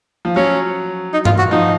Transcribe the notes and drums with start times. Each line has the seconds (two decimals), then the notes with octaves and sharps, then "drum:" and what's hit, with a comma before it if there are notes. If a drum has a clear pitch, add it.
0.25 F3
0.36 F#3 C#4
1.13 D#4
1.25 F4, drum: tom G2
1.38 F#4
1.51 F3 D#4